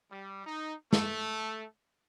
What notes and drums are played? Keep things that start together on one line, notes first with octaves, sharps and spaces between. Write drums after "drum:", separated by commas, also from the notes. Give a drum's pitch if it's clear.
G3
D#4
A3, drum: snare